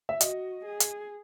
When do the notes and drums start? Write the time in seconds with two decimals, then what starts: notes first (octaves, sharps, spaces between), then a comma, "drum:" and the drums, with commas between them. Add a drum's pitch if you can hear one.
0.09 E5
0.21 F#4 D#5, drum: hi-hat
0.65 G#4
0.80 drum: hi-hat